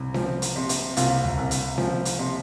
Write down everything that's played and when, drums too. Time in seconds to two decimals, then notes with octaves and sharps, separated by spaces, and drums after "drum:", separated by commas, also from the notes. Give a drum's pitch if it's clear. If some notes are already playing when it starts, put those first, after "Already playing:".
Already playing: C2
0.14 F3, drum: snare C#4
0.42 drum: hi-hat
0.56 C3
0.69 drum: hi-hat
0.97 C2 F4, drum: hi-hat
1.24 drum: tom C#2
1.37 C2
1.51 drum: hi-hat
1.78 F3, drum: snare C#4
2.05 drum: hi-hat
2.19 C3